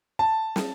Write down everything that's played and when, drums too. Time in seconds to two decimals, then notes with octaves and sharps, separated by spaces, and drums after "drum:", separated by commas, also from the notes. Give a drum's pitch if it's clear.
0.19 A5
0.56 drum: snare